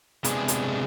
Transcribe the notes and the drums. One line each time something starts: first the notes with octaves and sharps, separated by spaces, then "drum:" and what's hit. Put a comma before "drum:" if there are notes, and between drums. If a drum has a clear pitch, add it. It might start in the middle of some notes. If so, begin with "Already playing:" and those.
C3 G#3 B3 D4 G#4, drum: hi-hat
drum: hi-hat